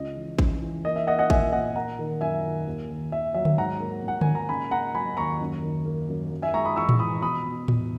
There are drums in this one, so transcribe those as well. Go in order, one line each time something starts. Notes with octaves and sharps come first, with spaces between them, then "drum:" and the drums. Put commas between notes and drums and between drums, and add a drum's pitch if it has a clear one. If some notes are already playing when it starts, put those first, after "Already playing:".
Already playing: C#2 C#3 D#5
E3
C#3, drum: kick G#1
E3
A#3 D#5
E5
A#3 D#5 F#5
D#5 F#5
A#2 E5 G#5, drum: kick G#1
A#2 D#5 F#5
A#3 F#5 A#5
D#3
F#2 E5 G#5
D#3
D#2
D#3
D#3 E5
F#3 E5
drum: tom D3
G#2 F#5 A#5
A#3
G#2 F#5
A#3 G#5, drum: tom D3
A#5
C#3 G#5 B5
A#3 F#5 A#5
F#3 G#5 B5
D#2 A#5 C#6
F#2
D#3
A#3
F#2
F#2
E5 G#5
G#3 A#5 C#6
B5 D#6
E3 C#6 E6
drum: tom A2
E3 B5 D#6
B2 B5 D#6
B2
E2, drum: tom A2